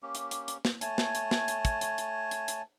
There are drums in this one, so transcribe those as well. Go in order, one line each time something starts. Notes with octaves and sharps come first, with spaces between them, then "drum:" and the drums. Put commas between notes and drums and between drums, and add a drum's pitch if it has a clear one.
A#3 C#4 G4
drum: hi-hat
drum: hi-hat
drum: hi-hat
drum: snare
A3 C#5 G#5 A5, drum: hi-hat
drum: snare
drum: hi-hat
drum: snare
drum: hi-hat
drum: kick, hi-hat
drum: hi-hat
drum: hi-hat
drum: hi-hat
drum: hi-hat